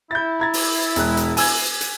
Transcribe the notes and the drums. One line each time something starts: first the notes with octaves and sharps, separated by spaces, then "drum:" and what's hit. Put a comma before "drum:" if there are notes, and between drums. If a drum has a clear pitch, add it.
E4 G6 A6
A#5 G#6 A6
drum: open hi-hat
E1 G#3 F#6, drum: hi-hat
drum: hi-hat
G#5 E6 G#6, drum: open hi-hat
drum: hi-hat